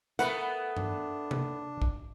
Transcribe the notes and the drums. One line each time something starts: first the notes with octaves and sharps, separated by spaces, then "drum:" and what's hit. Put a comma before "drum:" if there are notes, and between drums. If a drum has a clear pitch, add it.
A3 B3 E4 A#4 B4 F#5, drum: hi-hat
D4, drum: tom G2
drum: tom C3
drum: kick A#1